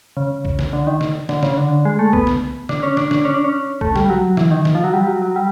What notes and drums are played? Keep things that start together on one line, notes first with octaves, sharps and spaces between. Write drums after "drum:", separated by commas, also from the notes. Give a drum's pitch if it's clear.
C#3
drum: kick B1
drum: snare
D3
D#3
drum: snare
D3, drum: snare
C#3, drum: snare
D3
G#3
A3
B3, drum: kick B1
drum: snare
D4, drum: snare
C#4
D4, drum: snare
D4, drum: snare
C#4
D4
C#4
A3, drum: kick B1
G3, drum: snare
F#3
E3, drum: snare
D#3
drum: snare
F3
F#3
G3
F#3
F#3
G3